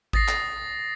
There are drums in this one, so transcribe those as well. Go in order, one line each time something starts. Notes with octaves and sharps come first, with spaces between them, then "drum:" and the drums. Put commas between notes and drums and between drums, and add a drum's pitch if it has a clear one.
D#6 A6 A#6 C7, drum: kick G#1
drum: clap